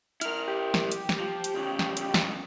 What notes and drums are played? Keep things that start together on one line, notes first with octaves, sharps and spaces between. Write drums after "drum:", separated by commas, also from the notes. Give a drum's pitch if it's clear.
E4 A#4 F6, drum: hi-hat
G4
drum: snare
drum: hi-hat
drum: snare
F3
drum: hi-hat
E2 C#3
drum: snare
drum: hi-hat
drum: snare